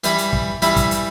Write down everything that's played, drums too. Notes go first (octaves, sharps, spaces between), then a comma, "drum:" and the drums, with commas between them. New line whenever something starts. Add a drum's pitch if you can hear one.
E3 G3 E4 B4, drum: hi-hat
drum: hi-hat
drum: kick
E3 G3 E4 B4, drum: hi-hat
drum: kick, hi-hat
drum: hi-hat